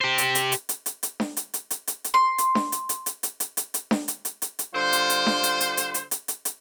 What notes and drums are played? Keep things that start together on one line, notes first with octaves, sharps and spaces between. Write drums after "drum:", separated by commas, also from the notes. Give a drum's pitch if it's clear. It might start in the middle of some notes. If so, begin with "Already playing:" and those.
G4 C5
drum: hi-hat
drum: hi-hat
drum: hi-hat
drum: hi-hat
drum: hi-hat
drum: hi-hat
drum: snare D4
drum: hi-hat
drum: hi-hat
drum: hi-hat
drum: hi-hat
drum: hi-hat
C6
drum: hi-hat
drum: snare D4
drum: hi-hat
drum: hi-hat
drum: hi-hat
drum: hi-hat
drum: hi-hat
drum: hi-hat
drum: hi-hat
drum: snare D4
drum: hi-hat
drum: hi-hat
drum: hi-hat
drum: hi-hat
D3 G3 F4 C5
drum: hi-hat
drum: hi-hat
drum: snare D4
drum: hi-hat
drum: hi-hat
drum: hi-hat
drum: hi-hat
drum: hi-hat
drum: hi-hat
drum: hi-hat